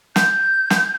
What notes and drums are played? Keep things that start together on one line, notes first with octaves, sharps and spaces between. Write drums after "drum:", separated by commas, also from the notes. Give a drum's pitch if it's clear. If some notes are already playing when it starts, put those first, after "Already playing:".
G6, drum: snare
drum: snare